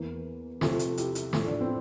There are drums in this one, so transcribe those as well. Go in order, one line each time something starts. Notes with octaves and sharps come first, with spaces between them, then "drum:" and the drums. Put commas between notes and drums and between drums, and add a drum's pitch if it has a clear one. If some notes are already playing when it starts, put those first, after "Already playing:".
Already playing: E2 E3 A#3
C3 F3 A3 F4 A4, drum: snare
drum: hi-hat
E4 G4, drum: hi-hat
drum: hi-hat
A2 F3 A3 E4, drum: snare
D4
C4 E4